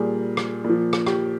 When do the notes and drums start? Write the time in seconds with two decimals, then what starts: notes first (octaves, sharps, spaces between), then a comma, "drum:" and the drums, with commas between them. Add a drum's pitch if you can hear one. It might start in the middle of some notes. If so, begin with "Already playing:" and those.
Already playing: A#2 G3 G#4
0.37 drum: rim click
0.64 A#2 F3
0.93 drum: rim click
1.07 G4, drum: rim click